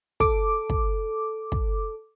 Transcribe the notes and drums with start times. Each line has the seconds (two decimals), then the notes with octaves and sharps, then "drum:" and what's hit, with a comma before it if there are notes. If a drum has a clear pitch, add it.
0.20 A4 D6, drum: kick
0.70 drum: kick
1.52 drum: kick